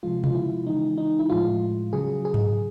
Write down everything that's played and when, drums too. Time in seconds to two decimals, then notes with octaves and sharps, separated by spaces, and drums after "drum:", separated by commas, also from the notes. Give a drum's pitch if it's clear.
0.03 C3 F3 G#3 F4
0.24 F4, drum: tom C3
0.35 E4
0.66 C#3 E3 G#3 D#4
0.98 D#4
1.19 E4
1.30 A2 F3 G#3 F4
1.93 C#3 F#3 G#4
2.25 G#4
2.34 drum: tom G2